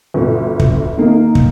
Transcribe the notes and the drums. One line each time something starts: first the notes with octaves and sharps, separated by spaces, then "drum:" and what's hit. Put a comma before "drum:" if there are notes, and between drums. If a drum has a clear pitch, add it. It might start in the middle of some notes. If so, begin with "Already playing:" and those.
G1 D2
drum: kick
D#3 A#3 D#4
drum: kick